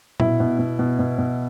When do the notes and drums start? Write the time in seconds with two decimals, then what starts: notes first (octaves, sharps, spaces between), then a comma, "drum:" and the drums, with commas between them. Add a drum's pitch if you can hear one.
0.20 B2 E4, drum: tom A#2
0.40 B2
0.59 B2
0.79 B2
0.99 B2
1.18 B2